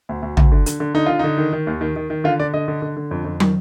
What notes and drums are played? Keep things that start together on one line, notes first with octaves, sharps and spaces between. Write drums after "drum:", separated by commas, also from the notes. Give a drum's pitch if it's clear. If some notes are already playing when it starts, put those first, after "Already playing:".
D2
D2
D2, drum: tom
D3
D3, drum: hi-hat
D3
D3 D#4
D3 F4
D3 D#4
D#3
D#3
D#2
D#3
D#3
D#3
D3 F4
D3 D5
D3 D#5
D3
D3
D3
F2
F2
D#3, drum: tom